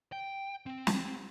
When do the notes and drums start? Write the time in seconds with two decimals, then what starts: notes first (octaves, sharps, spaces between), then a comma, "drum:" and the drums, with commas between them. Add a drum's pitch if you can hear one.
0.12 G5
0.66 C4
0.87 drum: snare